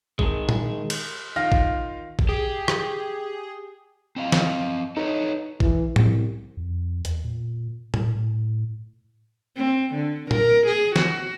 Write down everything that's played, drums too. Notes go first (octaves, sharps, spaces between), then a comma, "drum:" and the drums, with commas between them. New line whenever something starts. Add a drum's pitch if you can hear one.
D#3 G#3, drum: kick G#1
drum: tom A#2
drum: cymbal
D#3 F4 F5 F6 A#6
drum: kick G#1
drum: kick G#1
G4 G#4
drum: rim click
C4 D#5 F5
drum: snare
D#4 A4 B4 C#5
E3, drum: kick G#1
C2, drum: tom A2
F2
E2, drum: hi-hat
A#2
A2, drum: tom A#2
C4
D3
A#4, drum: tom A#2
G#4
F#4, drum: snare